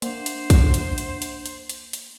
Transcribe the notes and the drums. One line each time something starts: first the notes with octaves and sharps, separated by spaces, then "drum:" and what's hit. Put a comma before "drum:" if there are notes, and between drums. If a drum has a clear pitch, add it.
A#3 D4 C5 E5 F#5, drum: hi-hat
drum: hi-hat
drum: kick, hi-hat
drum: hi-hat
drum: hi-hat
drum: hi-hat
drum: hi-hat
drum: hi-hat
drum: hi-hat